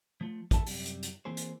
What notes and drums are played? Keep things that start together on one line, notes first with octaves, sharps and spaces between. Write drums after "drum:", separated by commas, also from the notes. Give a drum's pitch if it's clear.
F3 A3 F4
D2 D#3 E4 A4 A5, drum: kick, hi-hat
F#2 C3 G3, drum: open hi-hat
drum: hi-hat
drum: hi-hat
E3 A#3 C4 G#4 C5
drum: hi-hat